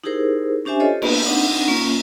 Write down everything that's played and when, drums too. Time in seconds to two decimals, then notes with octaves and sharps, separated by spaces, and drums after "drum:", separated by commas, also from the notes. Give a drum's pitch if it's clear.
0.04 D#4 E4 G4 G#4 A#4 C5
0.65 C#4 D4 G4 C5 E5 G#5
0.80 F4 G4 A4 C5 C#5 D#5
1.02 A#3 B3 D4 B4, drum: cymbal
1.26 C4 D4 D#4 F#5
1.68 A#3 C#4 F4